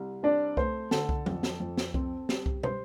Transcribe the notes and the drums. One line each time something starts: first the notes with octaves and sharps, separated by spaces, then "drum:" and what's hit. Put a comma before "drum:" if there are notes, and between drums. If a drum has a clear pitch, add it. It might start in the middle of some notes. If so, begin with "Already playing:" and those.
Already playing: C2
C4 D4 D5
A3 C5, drum: kick C2
D3 A4, drum: snare
drum: kick C2
F2, drum: tom F#3
drum: snare
F2
drum: snare
C4, drum: kick C2
G3, drum: snare
drum: kick C2
C5, drum: tom